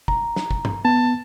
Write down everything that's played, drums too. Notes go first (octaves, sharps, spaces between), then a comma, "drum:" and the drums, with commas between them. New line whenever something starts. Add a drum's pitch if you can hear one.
A#5, drum: kick
drum: snare
drum: kick
drum: tom G2
B3 A5